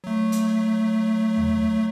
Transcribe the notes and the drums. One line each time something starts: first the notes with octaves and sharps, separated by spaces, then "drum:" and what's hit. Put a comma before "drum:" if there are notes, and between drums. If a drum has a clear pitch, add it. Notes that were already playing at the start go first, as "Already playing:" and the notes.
F#3 A3
drum: hi-hat
drum: tom D#2